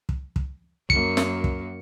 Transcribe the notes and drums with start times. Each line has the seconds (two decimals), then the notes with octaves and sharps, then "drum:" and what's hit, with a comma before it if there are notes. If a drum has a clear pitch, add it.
0.09 drum: kick
0.36 drum: kick
0.90 F#2 A#3 C#7, drum: kick
1.17 drum: snare
1.44 drum: kick